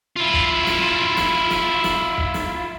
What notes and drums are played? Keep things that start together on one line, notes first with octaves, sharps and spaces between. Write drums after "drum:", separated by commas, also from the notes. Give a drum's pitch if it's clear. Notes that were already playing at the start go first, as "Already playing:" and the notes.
E4 F4
drum: kick
drum: snare
drum: snare
drum: snare
drum: snare
drum: kick
drum: snare